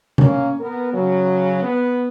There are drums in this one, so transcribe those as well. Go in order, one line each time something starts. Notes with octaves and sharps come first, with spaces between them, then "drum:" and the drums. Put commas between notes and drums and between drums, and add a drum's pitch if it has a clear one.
A#3 C#4, drum: tom C3
B3 A#4
C#3 F#3
B3